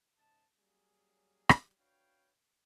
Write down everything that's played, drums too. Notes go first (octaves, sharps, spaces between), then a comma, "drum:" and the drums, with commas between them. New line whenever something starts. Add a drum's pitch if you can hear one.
G#2 C#3 D#5 A5
F#3 G3 A#3 C#4 G#4
drum: rim click
D4 F#4 B4 C#5 F5 G5